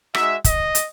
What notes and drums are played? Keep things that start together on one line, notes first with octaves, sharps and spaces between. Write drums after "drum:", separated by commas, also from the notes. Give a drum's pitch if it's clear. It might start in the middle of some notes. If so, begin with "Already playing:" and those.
G#3 D#4 F#4 E5, drum: rim click
D#5, drum: kick, hi-hat
drum: hi-hat